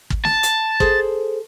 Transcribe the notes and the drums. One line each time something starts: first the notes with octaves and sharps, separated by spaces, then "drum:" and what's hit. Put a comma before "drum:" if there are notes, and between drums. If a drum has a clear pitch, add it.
drum: kick
A5, drum: snare
drum: hi-hat
G#4 A4 C5, drum: kick